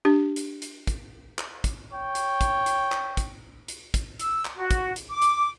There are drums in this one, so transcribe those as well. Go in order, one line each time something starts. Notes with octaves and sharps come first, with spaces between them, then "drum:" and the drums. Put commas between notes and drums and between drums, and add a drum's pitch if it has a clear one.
D4 G4
drum: hi-hat
drum: hi-hat
drum: kick, hi-hat
drum: clap
drum: kick, hi-hat
C#5 G5
drum: hi-hat
drum: kick, hi-hat
drum: hi-hat
drum: clap
drum: kick, hi-hat
drum: hi-hat
drum: kick, hi-hat
E6, drum: hi-hat
drum: clap
F#4
drum: kick, hi-hat
drum: hi-hat
D6
drum: hi-hat